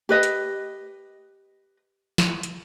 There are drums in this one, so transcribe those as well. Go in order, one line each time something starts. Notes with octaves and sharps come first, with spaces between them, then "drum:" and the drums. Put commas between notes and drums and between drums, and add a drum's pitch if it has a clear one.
G4 B4 D#5
drum: hi-hat
drum: snare
drum: hi-hat